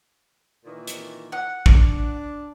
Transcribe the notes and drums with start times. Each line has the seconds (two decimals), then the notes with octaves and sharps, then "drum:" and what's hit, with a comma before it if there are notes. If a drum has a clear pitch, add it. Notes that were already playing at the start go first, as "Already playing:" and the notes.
0.64 A#2 D#3 E3
0.87 drum: hi-hat
1.32 F#5
1.66 D4, drum: kick